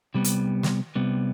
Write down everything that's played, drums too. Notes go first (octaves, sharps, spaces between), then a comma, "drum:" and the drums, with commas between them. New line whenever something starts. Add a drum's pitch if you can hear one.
C3 G3 B3
drum: hi-hat
drum: snare
C3 G3 B3